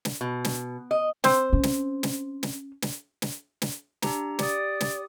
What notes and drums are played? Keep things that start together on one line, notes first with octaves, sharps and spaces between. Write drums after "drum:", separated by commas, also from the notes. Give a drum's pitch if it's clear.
drum: snare
B2
drum: snare
D#5
C4 C5, drum: snare
C#4
drum: snare
drum: snare
drum: snare
drum: snare
drum: snare
drum: snare
D4 G4 A#5, drum: snare
G4 D5 D#6, drum: snare
drum: snare